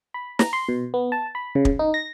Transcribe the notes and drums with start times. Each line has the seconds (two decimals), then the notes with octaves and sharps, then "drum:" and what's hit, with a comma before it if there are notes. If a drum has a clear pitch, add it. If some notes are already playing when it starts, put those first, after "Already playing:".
0.14 B5
0.39 A#5, drum: snare
0.53 C6
0.69 B2
0.94 B3
1.12 A5
1.35 B5
1.55 C#3
1.65 drum: kick
1.79 D#4
1.94 A#6